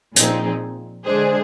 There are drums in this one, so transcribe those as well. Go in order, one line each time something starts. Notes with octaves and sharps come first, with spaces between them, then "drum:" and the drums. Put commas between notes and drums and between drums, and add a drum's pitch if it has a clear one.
A#2 F3 C4 D#4 G#4, drum: hi-hat
D3 G#3 D4 G#4 C5